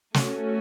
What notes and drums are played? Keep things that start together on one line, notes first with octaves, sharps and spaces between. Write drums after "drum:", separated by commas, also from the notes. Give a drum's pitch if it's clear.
A3 C#4 F#4, drum: snare